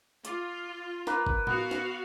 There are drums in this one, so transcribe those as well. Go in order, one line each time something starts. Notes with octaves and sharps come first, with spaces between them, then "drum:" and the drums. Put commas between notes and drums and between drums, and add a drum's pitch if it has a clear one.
F4 D6, drum: hi-hat
A#3 B4, drum: snare
drum: kick G1
B3 F#4 F5, drum: tom A2
drum: snare